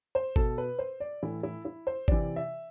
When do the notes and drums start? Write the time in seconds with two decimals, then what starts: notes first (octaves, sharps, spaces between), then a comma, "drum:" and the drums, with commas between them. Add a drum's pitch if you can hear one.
0.15 C5
0.36 B2 A4, drum: kick G#1
0.58 B4
0.79 C5
1.00 D5
1.23 A2 E3 E4
1.43 E4
1.65 E4
1.87 C5
2.08 C3 E3 D5, drum: kick G#1
2.36 E5